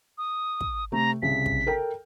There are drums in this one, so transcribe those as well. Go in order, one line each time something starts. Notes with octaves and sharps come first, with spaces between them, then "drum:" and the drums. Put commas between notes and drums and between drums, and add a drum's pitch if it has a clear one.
D#6
drum: kick
C3 A3 A#5
C2 C#3 B6
drum: kick
A4 A#4 G5